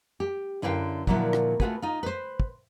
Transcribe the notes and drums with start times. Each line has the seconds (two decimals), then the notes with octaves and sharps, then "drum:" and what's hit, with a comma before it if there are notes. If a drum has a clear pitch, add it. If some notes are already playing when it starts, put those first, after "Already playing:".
0.20 G4
0.62 F#2 D3 E4 B4 F5 G5
1.07 A#2 D3 F3 F#3 A#3 E4, drum: kick
1.33 drum: rim click
1.60 A3 B3 F4 F#4 G#4 B4, drum: kick
1.82 D#4 F4
2.03 B4 C5
2.40 drum: kick